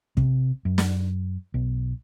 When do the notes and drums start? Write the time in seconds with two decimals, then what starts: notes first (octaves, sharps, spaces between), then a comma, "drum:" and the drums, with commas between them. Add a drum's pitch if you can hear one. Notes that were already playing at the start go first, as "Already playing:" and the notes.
0.17 C3, drum: kick
0.65 F#2
0.78 drum: snare
1.54 B1